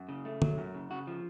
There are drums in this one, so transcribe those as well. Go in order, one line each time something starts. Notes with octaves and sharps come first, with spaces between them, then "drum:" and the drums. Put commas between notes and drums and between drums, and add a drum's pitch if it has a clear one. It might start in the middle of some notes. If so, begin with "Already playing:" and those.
Already playing: F#2
C#3
A3
F#3, drum: tom
F#2
C#3
C#3 F#4
F3